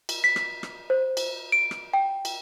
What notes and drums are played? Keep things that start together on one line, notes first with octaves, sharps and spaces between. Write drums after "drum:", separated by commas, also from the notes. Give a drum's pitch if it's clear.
drum: cymbal
B6
drum: rim click
drum: rim click
C5
drum: cymbal
D7
drum: rim click
G5
drum: cymbal